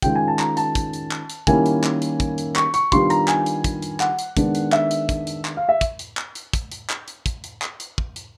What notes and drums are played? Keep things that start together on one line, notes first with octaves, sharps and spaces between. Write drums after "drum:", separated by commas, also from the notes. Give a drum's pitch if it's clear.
D#3 G#3 C#4 F4 G5, drum: kick, hi-hat
G#5
A5
A#5, drum: clap
A5, drum: hi-hat
drum: kick, hi-hat
drum: hi-hat
drum: clap
drum: hi-hat
D#3 G3 A#3 C#4 E4 G#5, drum: kick, hi-hat
drum: hi-hat
drum: clap
drum: hi-hat
drum: kick, hi-hat
drum: hi-hat
C#6, drum: clap
C#6, drum: hi-hat
D#3 G3 B3 D4 F4 C6, drum: kick, hi-hat
A#5, drum: hi-hat
G#5, drum: clap
drum: hi-hat
drum: kick, hi-hat
drum: hi-hat
F#5, drum: clap
drum: hi-hat
D#3 G#3 B3 D4, drum: kick, hi-hat
drum: hi-hat
E5, drum: clap
drum: hi-hat
drum: kick, hi-hat
drum: hi-hat
drum: clap
F5
E5
drum: kick, hi-hat
drum: hi-hat
drum: clap
drum: hi-hat
drum: kick, hi-hat
drum: hi-hat
drum: clap
drum: hi-hat
drum: kick, hi-hat
drum: hi-hat
drum: clap
drum: hi-hat
drum: kick
drum: hi-hat